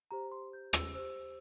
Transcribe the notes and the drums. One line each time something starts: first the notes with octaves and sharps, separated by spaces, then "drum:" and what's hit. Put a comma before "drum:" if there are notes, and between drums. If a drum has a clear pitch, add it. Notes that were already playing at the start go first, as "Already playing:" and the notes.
G4 C5 A#5
C6
G6
E6, drum: rim click
G4 C5 E6